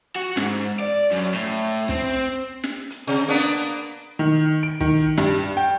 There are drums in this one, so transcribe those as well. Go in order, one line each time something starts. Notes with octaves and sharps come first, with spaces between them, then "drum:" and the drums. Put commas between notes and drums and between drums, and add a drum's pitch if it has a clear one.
F#4
G#2, drum: snare
D5
F#2, drum: open hi-hat
A2
C4, drum: kick
drum: snare
drum: hi-hat
C3
A#3 B3 D4
D#3
D7
D#3, drum: kick
G2, drum: snare
drum: hi-hat
G5